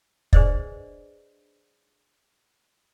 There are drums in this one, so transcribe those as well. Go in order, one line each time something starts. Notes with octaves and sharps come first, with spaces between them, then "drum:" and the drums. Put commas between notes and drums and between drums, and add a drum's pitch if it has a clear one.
D4 G#4 B4 C5 D5 D#5, drum: kick